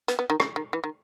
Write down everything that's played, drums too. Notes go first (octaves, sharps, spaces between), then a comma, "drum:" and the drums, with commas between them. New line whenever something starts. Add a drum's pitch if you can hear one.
B3, drum: hi-hat
B3
D#3
C#3, drum: rim click
D#3
E3
D#3